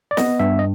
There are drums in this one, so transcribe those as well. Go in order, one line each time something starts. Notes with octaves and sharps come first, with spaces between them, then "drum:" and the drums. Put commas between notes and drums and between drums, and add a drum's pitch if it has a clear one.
D5
B3 D#5, drum: snare
G2 E5
D#5